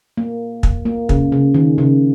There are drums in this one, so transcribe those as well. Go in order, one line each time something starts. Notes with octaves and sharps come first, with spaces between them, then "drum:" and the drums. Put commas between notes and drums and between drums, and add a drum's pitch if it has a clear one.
A#3
drum: kick
A#3
C#3, drum: kick
C#3
D#3
C#3